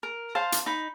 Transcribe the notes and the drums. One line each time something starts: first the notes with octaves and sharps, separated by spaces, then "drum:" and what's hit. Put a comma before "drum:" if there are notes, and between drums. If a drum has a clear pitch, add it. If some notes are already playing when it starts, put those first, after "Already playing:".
A#4
C5 F5 A5
drum: hi-hat
D#4 B5